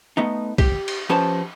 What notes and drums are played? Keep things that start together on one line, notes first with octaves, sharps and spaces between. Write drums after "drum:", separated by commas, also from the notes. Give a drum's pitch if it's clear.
A3 B3 D#4
G4, drum: kick, cymbal
drum: cymbal
F3 C#4 G4 B4 C5 A5